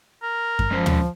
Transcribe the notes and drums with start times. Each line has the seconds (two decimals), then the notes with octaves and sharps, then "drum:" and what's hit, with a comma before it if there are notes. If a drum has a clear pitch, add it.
0.23 A#4
0.59 drum: kick F#2
0.71 F3 G#3 C#4 C5
0.86 drum: tom